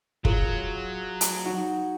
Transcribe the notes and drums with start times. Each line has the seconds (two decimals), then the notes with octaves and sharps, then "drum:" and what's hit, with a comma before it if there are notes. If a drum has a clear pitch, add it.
0.25 F#3 F4 G#4, drum: kick
1.21 drum: hi-hat
1.45 D#4 F#4